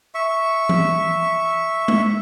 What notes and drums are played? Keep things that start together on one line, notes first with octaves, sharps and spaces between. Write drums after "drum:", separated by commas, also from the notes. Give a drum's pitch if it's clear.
E5 C#6
drum: tom E3
drum: tom G#3